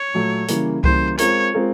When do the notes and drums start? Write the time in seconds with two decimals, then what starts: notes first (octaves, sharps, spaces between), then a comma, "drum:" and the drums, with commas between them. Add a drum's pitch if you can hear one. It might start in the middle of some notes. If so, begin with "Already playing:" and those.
Already playing: C#5
0.14 A#2 F#3 A3
0.48 C#3 E3 G3 A#3, drum: hi-hat
0.84 C#3 E3 G3 A#3 C5, drum: kick C2
1.18 G#3 C4 F4 A#4 C#5, drum: hi-hat
1.54 G#3 C4 F4 A#4